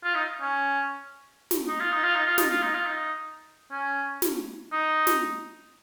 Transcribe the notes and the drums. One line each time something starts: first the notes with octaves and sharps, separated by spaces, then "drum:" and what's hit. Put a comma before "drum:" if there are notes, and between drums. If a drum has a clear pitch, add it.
F4
D#4
C#4
drum: snare
D#4
F4
D#4
F4
D#4
F4
D#4, drum: snare
F4
D#4
F4
D#4
C#4
drum: snare
D#4
drum: snare